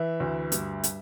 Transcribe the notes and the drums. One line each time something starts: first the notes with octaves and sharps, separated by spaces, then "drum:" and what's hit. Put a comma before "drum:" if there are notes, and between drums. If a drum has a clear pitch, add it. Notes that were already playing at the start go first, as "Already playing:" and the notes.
Already playing: E3 E5
D2
G2, drum: hi-hat
drum: hi-hat